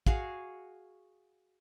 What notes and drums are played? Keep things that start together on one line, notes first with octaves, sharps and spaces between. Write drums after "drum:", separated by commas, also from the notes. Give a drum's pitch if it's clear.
F#4 G#4 F5, drum: kick